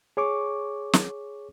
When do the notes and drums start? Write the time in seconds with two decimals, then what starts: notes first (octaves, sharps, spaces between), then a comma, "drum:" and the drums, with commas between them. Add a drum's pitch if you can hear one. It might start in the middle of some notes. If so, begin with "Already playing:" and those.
0.17 G#4 C#5 C#6 D6
0.93 drum: snare